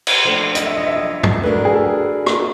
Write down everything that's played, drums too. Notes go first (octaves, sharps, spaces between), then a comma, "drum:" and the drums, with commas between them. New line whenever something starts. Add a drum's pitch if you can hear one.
drum: cymbal
F3 A3 D4
D#5, drum: hi-hat
E5
D#5
E5
D#5
drum: tom
A3 D4 F#4 A#4 B4
G#4
A4
drum: rim click